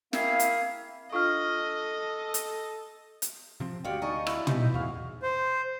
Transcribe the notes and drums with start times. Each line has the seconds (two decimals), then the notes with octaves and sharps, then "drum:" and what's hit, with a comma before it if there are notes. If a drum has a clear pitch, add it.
0.13 A#3 C4 E4 G#4 E5 F5, drum: snare
0.39 drum: hi-hat
1.12 D4 F4 A4 D#5 F5 C#6 F6
2.34 drum: hi-hat
3.22 drum: hi-hat
3.60 C3 F3 C4
3.84 D2 G#3 F#4 G4 D5 F5 G5
4.02 D#4 D5 D#5 G#5 C#6
4.27 E4, drum: rim click
4.47 D#3 E3 D#5 E5 G6, drum: tom
4.74 E2 A2 F#4 G#4 F5
5.22 C5